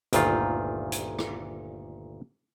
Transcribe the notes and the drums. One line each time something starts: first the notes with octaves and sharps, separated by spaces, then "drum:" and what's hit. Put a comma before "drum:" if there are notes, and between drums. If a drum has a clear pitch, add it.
G1 D2 A#2 D#3 F4, drum: hi-hat
drum: hi-hat
drum: rim click